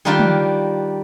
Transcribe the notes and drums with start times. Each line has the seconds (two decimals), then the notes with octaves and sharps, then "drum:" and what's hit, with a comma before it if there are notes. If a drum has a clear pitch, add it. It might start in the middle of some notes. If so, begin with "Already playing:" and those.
0.05 D#3 G3 A#3 D4 F4 G4
0.19 drum: tom